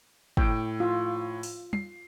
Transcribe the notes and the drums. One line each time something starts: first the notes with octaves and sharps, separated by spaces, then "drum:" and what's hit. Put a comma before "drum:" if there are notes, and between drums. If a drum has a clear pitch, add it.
A2 G5, drum: kick
F4
drum: open hi-hat
C7, drum: tom